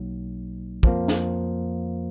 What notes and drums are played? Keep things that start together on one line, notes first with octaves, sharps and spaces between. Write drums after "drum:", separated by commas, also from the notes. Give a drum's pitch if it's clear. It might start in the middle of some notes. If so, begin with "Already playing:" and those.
Already playing: B1 B2 F#3 A#3 D#4
F2 F3 A#3, drum: kick
drum: snare